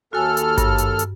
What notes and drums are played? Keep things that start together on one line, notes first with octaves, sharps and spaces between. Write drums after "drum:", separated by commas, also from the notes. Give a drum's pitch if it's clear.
D#2 F#4 A4 G#5 F6
drum: hi-hat
G2, drum: kick G#1, hi-hat
drum: hi-hat
drum: hi-hat